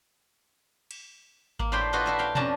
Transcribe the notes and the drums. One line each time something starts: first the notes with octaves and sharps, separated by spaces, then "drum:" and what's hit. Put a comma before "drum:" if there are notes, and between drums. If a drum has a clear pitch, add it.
drum: cymbal
A#3, drum: kick G#1
A2 D4 C5 G5 B5
D4 F4 F#4 B4 C5 D#5
E4 F#4 E5
F5 G5
F2 C#4 D4 A5 A#5, drum: tom